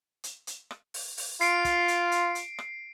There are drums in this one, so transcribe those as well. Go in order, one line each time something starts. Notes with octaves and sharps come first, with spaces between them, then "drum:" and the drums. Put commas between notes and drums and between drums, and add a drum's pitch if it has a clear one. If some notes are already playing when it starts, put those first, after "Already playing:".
drum: hi-hat
drum: hi-hat
drum: rim click
drum: open hi-hat
drum: open hi-hat
F4 C7 D7, drum: hi-hat
drum: kick, hi-hat
drum: hi-hat
drum: hi-hat
drum: hi-hat
drum: rim click